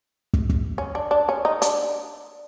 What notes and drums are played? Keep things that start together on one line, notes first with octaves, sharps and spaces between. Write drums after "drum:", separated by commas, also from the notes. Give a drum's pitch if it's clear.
drum: kick
drum: kick
C#4
D4
D4
C#4
D#4
D4, drum: hi-hat